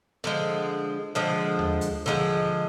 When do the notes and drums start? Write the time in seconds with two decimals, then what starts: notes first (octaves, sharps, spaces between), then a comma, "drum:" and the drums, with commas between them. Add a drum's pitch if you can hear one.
0.24 D3 F3 G#3
1.15 D3 F3 G#3
1.59 drum: tom D#2
1.81 drum: hi-hat
2.06 D3 F3 G#3